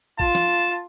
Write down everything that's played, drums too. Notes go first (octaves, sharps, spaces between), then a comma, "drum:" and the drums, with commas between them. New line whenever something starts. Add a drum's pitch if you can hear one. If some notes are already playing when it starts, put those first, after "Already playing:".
F4 A5, drum: kick
drum: snare